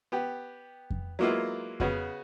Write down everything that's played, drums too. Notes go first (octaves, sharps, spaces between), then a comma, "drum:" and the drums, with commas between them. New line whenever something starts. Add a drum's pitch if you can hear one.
B3 G4
drum: kick F2
F#3 G#3 A#3 B3 E4 F4
C#3 B3 F#4, drum: kick F2